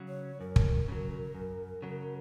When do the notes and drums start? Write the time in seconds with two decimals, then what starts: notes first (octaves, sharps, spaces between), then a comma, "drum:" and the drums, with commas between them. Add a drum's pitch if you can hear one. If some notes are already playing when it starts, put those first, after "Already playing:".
Already playing: C#3 F#3
0.08 C#5
0.41 F#2 A#4
0.56 drum: kick
0.88 C#3 F#3
1.35 F#2
1.82 C#3 F#3